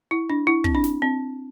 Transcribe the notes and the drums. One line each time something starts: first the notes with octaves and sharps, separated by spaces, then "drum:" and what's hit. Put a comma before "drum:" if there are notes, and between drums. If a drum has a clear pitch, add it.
E4
D4
E4
C4, drum: kick
D4
drum: snare
C4